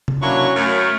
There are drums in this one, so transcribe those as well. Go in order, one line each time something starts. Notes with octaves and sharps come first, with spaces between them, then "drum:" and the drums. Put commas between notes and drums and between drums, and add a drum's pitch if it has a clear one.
drum: tom C3
F#3 A#3 C#4 D4 E4 C#6
F#2 A3 A#4 C#5